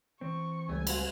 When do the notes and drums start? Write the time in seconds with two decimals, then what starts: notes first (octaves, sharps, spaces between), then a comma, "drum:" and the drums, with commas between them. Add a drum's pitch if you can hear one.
0.21 E3 C4 C#6
0.69 C#2 G3 A3 G#5
0.87 drum: cymbal